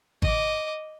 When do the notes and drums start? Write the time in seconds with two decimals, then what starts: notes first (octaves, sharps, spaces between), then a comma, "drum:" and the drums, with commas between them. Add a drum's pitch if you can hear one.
0.22 D#5 D6, drum: kick G#1